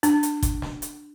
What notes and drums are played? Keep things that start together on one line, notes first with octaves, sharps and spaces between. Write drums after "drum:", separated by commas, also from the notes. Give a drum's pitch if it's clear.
D4, drum: hi-hat
drum: hi-hat
drum: kick G#1, hi-hat
drum: snare
drum: hi-hat